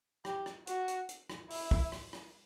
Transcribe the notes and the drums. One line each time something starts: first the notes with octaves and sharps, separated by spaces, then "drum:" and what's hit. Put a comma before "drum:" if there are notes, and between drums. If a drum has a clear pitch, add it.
G4, drum: rim click
drum: rim click
F#4, drum: hi-hat
drum: hi-hat
drum: hi-hat
drum: rim click
E4, drum: open hi-hat
drum: kick
drum: rim click
drum: rim click